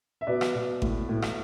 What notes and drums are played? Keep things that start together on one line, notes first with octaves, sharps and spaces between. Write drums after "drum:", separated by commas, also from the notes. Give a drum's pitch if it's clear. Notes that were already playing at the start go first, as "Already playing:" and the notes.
E5
B2 B4 D5
drum: rim click
B2
A2, drum: kick G#1
A2
drum: rim click